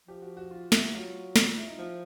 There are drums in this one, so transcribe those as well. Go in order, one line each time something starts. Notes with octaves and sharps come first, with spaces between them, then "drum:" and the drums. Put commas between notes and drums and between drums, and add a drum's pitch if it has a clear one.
F3 G4
F#4
F#4
F4
E4, drum: snare
F#3 F4
F4, drum: snare
E4
D#4
F3 E4